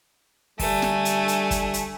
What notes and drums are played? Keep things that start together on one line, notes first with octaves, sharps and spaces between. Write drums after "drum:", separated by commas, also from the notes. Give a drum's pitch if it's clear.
D3 G3 A3 G#5, drum: kick, open hi-hat
drum: snare
drum: hi-hat
drum: hi-hat
drum: kick, hi-hat
drum: hi-hat